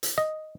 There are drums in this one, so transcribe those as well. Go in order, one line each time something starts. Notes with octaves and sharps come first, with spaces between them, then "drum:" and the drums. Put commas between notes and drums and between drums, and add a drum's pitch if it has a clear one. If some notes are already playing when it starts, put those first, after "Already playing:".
drum: hi-hat
D#5